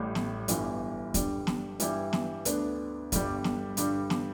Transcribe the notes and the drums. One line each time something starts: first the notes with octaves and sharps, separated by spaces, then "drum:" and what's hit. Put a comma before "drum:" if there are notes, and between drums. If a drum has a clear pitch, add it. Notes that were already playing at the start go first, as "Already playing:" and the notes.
Already playing: A1 A2 G3
drum: snare
G1 G2 E3 G3, drum: hi-hat
G2 D3 G3, drum: kick, hi-hat
drum: snare
G2 E3 G3 E4, drum: hi-hat
drum: snare
D2 D3 B3 D4, drum: hi-hat
G1 G2 D3 G3, drum: kick, hi-hat
drum: snare
G2 D3 G3, drum: hi-hat
drum: snare